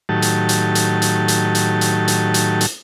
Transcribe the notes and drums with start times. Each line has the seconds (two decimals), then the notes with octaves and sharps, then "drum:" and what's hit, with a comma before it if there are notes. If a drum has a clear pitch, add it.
0.09 A2 D#3 F#3 G4 A5
0.22 drum: hi-hat
0.49 drum: hi-hat
0.75 drum: hi-hat
1.02 drum: hi-hat
1.28 drum: hi-hat
1.55 drum: hi-hat
1.81 drum: hi-hat
2.08 drum: hi-hat
2.34 drum: hi-hat
2.61 drum: hi-hat